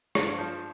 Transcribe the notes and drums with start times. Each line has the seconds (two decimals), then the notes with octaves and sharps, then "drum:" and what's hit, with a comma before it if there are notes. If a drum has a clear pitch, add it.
0.15 G2 C#5, drum: rim click
0.38 F3